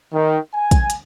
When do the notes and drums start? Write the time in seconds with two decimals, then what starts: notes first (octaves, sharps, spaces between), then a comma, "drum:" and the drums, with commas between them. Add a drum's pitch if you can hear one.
0.13 D#3
0.53 G#5
0.71 drum: kick, hi-hat
0.90 drum: hi-hat